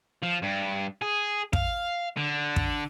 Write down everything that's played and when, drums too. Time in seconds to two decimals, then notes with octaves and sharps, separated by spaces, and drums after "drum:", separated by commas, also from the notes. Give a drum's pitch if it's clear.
0.22 F3
0.42 G2
1.02 G#4
1.53 F5, drum: kick
2.17 D3
2.56 drum: kick